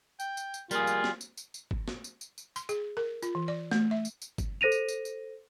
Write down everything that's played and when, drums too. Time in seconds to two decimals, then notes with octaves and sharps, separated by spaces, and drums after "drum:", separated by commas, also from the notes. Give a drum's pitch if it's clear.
0.20 G5, drum: tambourine
0.37 drum: tambourine
0.54 drum: tambourine
0.71 G3 A#3 F4 G#4, drum: tambourine
0.87 drum: tambourine
1.04 drum: snare
1.21 drum: tambourine
1.37 drum: tambourine
1.54 drum: tambourine
1.71 drum: kick G1
1.88 drum: snare
2.04 drum: tambourine
2.21 drum: tambourine
2.38 drum: tambourine
2.56 C6, drum: tambourine
2.69 G#4, drum: tambourine
2.97 A#4
3.22 F4, drum: tambourine
3.35 E3
3.48 D5
3.71 A3, drum: snare
3.91 E5
4.05 drum: tambourine
4.22 drum: tambourine
4.38 drum: kick G1, tambourine
4.61 A4 C5 A#6 D#7 F7
4.72 drum: tambourine
4.88 drum: tambourine
5.05 drum: tambourine